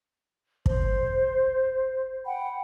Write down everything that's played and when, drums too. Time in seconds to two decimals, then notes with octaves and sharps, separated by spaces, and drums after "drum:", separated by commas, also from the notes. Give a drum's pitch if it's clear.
0.66 C5, drum: kick
2.25 F#5 G5 B5